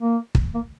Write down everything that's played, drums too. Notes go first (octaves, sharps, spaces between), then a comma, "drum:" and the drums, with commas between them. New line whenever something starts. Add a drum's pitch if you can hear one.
A#3
drum: kick
A#3